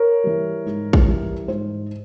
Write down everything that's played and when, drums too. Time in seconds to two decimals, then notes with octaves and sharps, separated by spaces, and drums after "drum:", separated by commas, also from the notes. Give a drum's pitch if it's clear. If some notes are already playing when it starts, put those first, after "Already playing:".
Already playing: A#4 C#5
0.24 E3 G3
0.66 G#2
0.93 drum: kick
1.07 E3 G3
1.48 G#2 C5